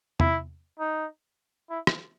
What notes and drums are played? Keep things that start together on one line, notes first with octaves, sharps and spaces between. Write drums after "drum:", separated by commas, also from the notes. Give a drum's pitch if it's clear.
E4, drum: tom E2
D#4
E4
drum: rim click